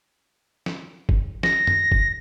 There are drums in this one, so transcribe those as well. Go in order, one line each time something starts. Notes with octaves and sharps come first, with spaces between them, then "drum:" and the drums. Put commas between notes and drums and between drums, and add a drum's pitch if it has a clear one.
drum: snare
drum: kick
A#6, drum: snare
drum: tom
drum: kick